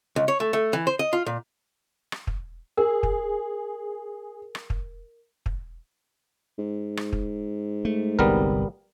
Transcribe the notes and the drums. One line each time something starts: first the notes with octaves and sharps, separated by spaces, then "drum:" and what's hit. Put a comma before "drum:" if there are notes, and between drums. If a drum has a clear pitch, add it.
C#2
C#5
A3
A3
E3
C5
D#5
F4
A#2
drum: rim click
drum: kick
G#4 A#4
drum: kick
drum: rim click
drum: kick
drum: kick
G#2
drum: rim click
drum: kick
A3
G1 C2 G3 B3 A#4